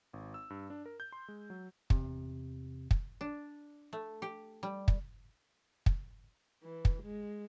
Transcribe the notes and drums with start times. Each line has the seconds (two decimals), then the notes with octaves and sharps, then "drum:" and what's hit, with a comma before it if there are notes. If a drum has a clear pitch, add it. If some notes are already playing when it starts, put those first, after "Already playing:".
0.13 G#1
0.34 E6
0.50 G2
0.70 D4
0.86 A#4
1.00 G6
1.12 C6
1.28 G#3
1.50 F#3
1.90 E2 C3, drum: kick
2.91 drum: kick
3.21 D4
3.93 A3
4.22 G4
4.63 G3
4.88 drum: kick
5.86 drum: kick
6.64 E3
6.85 drum: kick
7.03 G#3